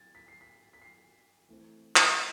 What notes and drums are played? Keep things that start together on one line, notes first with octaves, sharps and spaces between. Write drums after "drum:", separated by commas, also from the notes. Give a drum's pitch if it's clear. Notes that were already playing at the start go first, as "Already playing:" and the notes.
Already playing: G#6 A6
B6
C7
B6
B6
C7
E3 A3 C4
drum: clap